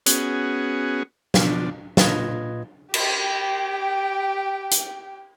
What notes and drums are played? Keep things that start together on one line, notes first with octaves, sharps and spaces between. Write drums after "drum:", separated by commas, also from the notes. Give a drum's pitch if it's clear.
B3 C#4 F#4 G#4, drum: hi-hat
B2 F3 D4, drum: snare
A#2 F4 B4 D#5 G#6, drum: snare
G4 G5, drum: cymbal
drum: hi-hat